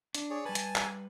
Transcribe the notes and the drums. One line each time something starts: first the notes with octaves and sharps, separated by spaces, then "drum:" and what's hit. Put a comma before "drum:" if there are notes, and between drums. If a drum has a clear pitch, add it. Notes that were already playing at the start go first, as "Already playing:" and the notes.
D4, drum: hi-hat
G#4 C#5 D5
G3 B4 G#5 A5
drum: hi-hat
drum: clap